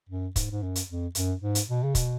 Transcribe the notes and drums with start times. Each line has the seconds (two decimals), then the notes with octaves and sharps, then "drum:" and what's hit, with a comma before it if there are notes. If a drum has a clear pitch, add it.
0.09 F#2
0.36 G#2, drum: kick, hi-hat
0.51 G#2
0.63 F#2
0.76 drum: hi-hat
0.89 F2
1.15 F#2, drum: hi-hat
1.42 G#2
1.55 drum: hi-hat
1.69 B2
1.83 C#3
1.95 B2, drum: kick, hi-hat